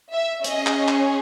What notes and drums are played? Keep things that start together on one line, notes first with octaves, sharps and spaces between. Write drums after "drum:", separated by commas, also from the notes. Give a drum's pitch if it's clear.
E5
C#4 G#4 D#5, drum: hi-hat
drum: clap
drum: clap